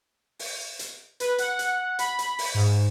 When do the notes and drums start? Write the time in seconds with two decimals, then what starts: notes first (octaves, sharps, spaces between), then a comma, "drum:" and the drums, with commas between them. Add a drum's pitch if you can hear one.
0.39 drum: open hi-hat
0.79 drum: hi-hat
1.20 B4, drum: hi-hat
1.38 F#5, drum: hi-hat
1.59 drum: hi-hat
1.99 B5, drum: hi-hat
2.19 drum: hi-hat
2.39 drum: open hi-hat
2.54 G#2